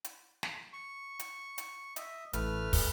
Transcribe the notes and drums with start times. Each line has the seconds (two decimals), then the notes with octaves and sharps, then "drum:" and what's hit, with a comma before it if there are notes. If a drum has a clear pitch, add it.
0.05 drum: hi-hat
0.43 drum: snare
0.73 C#6
1.19 drum: hi-hat
1.58 drum: hi-hat
1.96 D#5 E5, drum: hi-hat
2.33 A1 A3 B4 F6, drum: hi-hat
2.73 drum: kick, open hi-hat